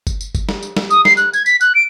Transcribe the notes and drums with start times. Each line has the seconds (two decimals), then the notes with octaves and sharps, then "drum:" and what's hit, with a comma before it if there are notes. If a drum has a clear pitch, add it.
0.07 drum: kick, tambourine
0.21 drum: tambourine
0.35 drum: kick, tambourine
0.49 drum: snare
0.63 drum: tambourine
0.77 drum: snare
0.90 D#6, drum: tambourine
1.05 C7, drum: snare
1.17 F#6, drum: tambourine
1.33 G#6, drum: tambourine
1.46 B6, drum: tambourine
1.61 F#6, drum: tambourine
1.75 D7